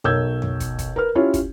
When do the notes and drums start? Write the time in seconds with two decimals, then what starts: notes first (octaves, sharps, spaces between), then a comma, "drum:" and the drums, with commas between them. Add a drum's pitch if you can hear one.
0.04 B1 A#4 C#5 E6 G6 G#6, drum: tom F2
0.42 drum: tom F2
0.60 drum: kick, hi-hat
0.79 drum: kick, hi-hat
0.96 A#4 B4 F6
1.15 C#4 E4 F4 G4 C#5
1.34 drum: kick, hi-hat